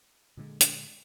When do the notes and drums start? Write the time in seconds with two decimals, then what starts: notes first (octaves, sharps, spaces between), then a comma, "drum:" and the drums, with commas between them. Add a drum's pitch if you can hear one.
0.37 A#2 D3 G#3
0.61 drum: hi-hat